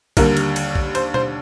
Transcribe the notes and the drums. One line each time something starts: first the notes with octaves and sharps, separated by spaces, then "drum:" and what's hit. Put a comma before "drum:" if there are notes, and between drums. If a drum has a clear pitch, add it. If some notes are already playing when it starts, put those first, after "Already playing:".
D#2 D3 G3 A#4, drum: kick, cymbal
drum: cymbal
drum: cymbal
drum: kick
C5, drum: cymbal
C5, drum: tom B2